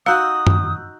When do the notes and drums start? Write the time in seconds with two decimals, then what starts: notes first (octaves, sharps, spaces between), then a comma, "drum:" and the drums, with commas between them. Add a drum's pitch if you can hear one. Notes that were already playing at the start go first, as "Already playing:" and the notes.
0.06 D#4 F#4 F5 D#6 E6 F#6 G6
0.47 drum: tom F#2